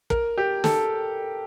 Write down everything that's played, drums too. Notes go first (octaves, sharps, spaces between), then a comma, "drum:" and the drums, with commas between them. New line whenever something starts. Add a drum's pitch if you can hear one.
A#4, drum: kick
G4
A4, drum: snare